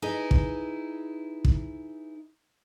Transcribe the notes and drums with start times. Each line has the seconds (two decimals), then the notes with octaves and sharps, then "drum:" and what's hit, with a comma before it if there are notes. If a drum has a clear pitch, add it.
0.02 D#4 E4 G#4 B4
0.31 drum: kick
1.45 drum: kick